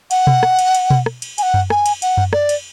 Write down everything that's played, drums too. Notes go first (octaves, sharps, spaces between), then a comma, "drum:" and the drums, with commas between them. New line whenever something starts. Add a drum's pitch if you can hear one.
F#5, drum: cymbal
drum: tom B2
drum: rim click
drum: cymbal
drum: cymbal
drum: tom B2
drum: rim click
drum: cymbal
G#5, drum: cymbal
F#5
drum: tom F#2
G#5, drum: rim click
drum: cymbal
F#5, drum: cymbal
drum: tom F#2
D5, drum: rim click
drum: cymbal